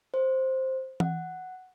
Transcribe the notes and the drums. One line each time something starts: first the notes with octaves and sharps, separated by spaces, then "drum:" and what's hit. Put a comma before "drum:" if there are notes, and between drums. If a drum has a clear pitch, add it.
C5
F#5, drum: tom E3